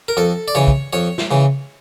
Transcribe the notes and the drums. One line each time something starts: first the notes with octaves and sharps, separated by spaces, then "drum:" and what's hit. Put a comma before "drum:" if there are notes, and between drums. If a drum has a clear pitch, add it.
A#4
F2 A4
D5
C#3 E3 C#5
drum: kick
F2 C#5
drum: snare
C#3 E3